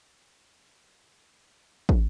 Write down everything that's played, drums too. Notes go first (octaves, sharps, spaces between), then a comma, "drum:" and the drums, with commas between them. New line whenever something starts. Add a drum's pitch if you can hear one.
G#4 C5 C6 D6
E4 F5 G5
A#4 C#5 E5
D#6
drum: kick